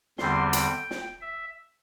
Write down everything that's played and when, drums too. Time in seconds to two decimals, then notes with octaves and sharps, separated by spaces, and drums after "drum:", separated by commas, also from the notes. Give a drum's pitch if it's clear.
0.18 E2 D3 G3 C4 C6, drum: snare
0.53 G5, drum: hi-hat
0.91 drum: snare
1.21 E5